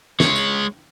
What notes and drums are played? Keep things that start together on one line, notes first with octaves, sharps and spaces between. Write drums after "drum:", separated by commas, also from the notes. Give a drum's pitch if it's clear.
G#3 C#5, drum: snare
drum: tambourine